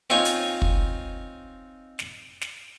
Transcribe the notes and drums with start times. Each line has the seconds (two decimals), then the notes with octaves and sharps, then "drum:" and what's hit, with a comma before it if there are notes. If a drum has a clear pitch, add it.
0.10 C4 D#4 F4 C#5 F5 G#5, drum: snare
0.25 drum: hi-hat
0.62 drum: kick
1.99 drum: snare
2.41 drum: snare